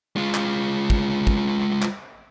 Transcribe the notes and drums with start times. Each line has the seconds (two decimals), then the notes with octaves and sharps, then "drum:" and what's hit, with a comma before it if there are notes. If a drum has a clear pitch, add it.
0.16 G#3 F4
0.35 drum: clap
0.90 drum: kick
1.27 drum: kick
1.82 drum: clap